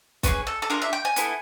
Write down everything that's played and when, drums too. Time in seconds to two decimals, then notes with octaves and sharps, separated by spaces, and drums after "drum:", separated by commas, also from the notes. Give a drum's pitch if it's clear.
0.23 C#4 F4 G#4 B4, drum: kick, hi-hat
0.47 A4
0.62 A4
0.70 D4 F4 G#4 A#4
0.82 E5
0.93 G5
1.05 G#5
1.16 B3 E4 A4, drum: hi-hat